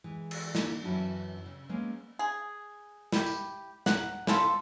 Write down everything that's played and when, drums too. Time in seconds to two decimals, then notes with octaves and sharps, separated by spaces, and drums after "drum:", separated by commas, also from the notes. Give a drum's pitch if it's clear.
0.04 E3 G#3
0.31 drum: cymbal
0.55 A#3 D4 D#4, drum: snare
0.84 F#2 E3 C#4 E4 F#4 A5
1.46 C#3
1.69 G#3 A#3 B3 C#4
2.19 G#4
3.12 E4 G4, drum: snare
3.26 drum: tambourine
3.86 A#4 F#5, drum: snare
4.27 C4 E4 F4 A4, drum: snare